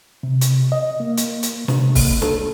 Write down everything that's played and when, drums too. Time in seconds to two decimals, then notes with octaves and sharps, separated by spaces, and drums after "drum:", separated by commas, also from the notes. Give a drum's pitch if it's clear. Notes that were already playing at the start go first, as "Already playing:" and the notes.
0.23 C3
0.41 drum: hi-hat
0.72 D#5
1.00 A#3
1.17 drum: hi-hat
1.43 drum: hi-hat
1.68 C3, drum: snare
1.95 A#3, drum: kick, open hi-hat
2.22 A4, drum: snare